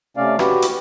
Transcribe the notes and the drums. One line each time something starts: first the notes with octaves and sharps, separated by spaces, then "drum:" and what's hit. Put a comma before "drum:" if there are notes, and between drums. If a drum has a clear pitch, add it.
C3 A3 C#4 D5 F5
F#4 G4 B4, drum: rim click
drum: hi-hat